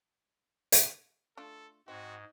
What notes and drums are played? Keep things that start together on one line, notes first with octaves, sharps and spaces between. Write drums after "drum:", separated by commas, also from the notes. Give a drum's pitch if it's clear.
drum: hi-hat
A3 D4 F4 A4
G#2 C4 F#4 D#5